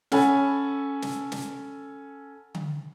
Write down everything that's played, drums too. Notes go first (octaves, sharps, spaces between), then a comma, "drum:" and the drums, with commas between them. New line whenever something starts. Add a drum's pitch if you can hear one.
C#4 A4 F#5 G#5 A5 B5, drum: snare
drum: snare
drum: snare
drum: tom D3